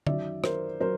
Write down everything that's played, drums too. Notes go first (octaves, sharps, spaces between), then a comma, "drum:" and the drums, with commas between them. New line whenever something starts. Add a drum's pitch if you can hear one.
F#2 D#3 F#3 D5 E5, drum: tom D3
A#4 C5, drum: rim click
F#3 A#4 C5